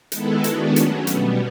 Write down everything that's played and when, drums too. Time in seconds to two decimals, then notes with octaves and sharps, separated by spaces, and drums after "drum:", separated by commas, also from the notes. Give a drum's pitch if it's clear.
0.12 D#3 G#3 B3 E4 A4, drum: hi-hat
0.44 D#3 G#3 B3 D4 F#4, drum: hi-hat
0.76 F#3 A3 C#4, drum: hi-hat
1.07 B2 G3 B3, drum: hi-hat